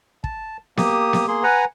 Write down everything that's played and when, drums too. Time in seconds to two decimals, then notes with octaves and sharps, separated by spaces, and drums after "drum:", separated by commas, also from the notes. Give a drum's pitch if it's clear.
0.24 A5, drum: kick
0.77 A#3 G4 D#6, drum: snare B3
1.13 drum: snare B3
1.28 A#3 G#4 C6
1.43 B4 F#5 G#5 A#5